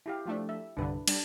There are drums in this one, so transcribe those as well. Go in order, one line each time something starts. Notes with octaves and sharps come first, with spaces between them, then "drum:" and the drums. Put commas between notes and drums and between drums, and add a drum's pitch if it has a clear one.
E4 G4 F5
F3 A3 D4
E5
C2 G2 D3 D4 B4
G3 D4, drum: cymbal